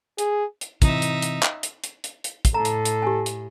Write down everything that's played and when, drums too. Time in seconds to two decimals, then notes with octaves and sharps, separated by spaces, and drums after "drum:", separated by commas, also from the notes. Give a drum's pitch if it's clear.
0.18 G#4, drum: hi-hat
0.61 drum: hi-hat
0.82 C3 E3 D#4 E5, drum: kick, hi-hat
1.02 drum: hi-hat
1.22 drum: hi-hat
1.43 drum: clap
1.63 drum: hi-hat
1.84 drum: hi-hat
2.04 drum: hi-hat
2.24 drum: hi-hat
2.45 drum: kick, hi-hat
2.54 A2 A4 A#5
2.65 drum: hi-hat
2.85 drum: hi-hat
3.02 G4 G#5
3.26 drum: hi-hat